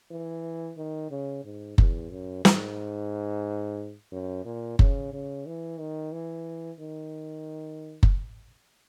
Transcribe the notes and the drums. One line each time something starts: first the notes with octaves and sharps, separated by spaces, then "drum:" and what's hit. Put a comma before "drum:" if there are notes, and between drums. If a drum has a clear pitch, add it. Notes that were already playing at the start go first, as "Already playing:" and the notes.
E3
D#3
C#3
G#2
E2, drum: kick F#1
F#2
G#2, drum: snare
F#2
A#2
C#3, drum: kick F#1
C#3
E3
D#3
E3
D#3
drum: kick F#1